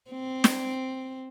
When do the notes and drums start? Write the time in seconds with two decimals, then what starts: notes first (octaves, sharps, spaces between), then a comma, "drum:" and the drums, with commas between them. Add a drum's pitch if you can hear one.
0.11 C4
0.44 drum: snare